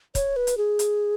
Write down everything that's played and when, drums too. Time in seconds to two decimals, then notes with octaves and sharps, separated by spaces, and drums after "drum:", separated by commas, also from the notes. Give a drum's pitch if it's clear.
0.15 C#5, drum: kick, hi-hat
0.36 B4
0.47 drum: hi-hat
0.57 G#4
0.79 drum: hi-hat